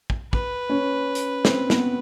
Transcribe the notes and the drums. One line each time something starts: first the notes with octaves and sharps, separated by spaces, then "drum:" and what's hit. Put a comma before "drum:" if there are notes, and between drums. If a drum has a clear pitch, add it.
drum: kick
B4, drum: kick
C#4
drum: hi-hat
C4, drum: snare
B3, drum: snare